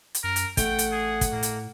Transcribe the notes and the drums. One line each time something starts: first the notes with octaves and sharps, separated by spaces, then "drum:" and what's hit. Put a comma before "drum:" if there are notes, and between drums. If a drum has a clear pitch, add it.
drum: hi-hat
F#2 A#4
drum: hi-hat
A1 A3 F#5 G5, drum: kick, hi-hat
drum: hi-hat
G#4
drum: kick, hi-hat
A2 A#3
drum: hi-hat